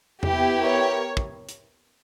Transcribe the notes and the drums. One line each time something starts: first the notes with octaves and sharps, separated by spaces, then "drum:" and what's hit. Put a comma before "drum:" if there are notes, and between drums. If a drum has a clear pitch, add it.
B3 E4 G4, drum: tom E2
A#4 C#5
drum: kick
drum: hi-hat